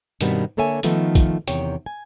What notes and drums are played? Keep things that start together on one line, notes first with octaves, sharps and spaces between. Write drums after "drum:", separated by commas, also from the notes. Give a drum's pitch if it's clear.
G2 B2 D#3 G3 B3 C4, drum: hi-hat
D3 A#3 A4 C#5 E5 G#5
D#3 F3 A3 B3 D#4, drum: hi-hat
drum: kick A#1, hi-hat
E2 C3 D#3 C#5 G5, drum: hi-hat
G#5